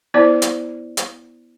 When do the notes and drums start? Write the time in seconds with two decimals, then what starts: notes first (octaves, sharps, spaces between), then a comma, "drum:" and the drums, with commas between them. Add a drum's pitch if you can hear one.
0.14 B3 E4 C5 D5
0.42 drum: hi-hat
0.97 drum: hi-hat